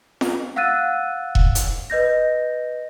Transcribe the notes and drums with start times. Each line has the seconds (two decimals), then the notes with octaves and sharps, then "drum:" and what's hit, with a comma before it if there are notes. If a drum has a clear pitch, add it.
0.21 drum: snare F4
0.56 F5 F#5 E6 F#6 A6 D#7
1.35 drum: kick E1
1.55 drum: hi-hat
1.90 B4 D#5 G6 A#6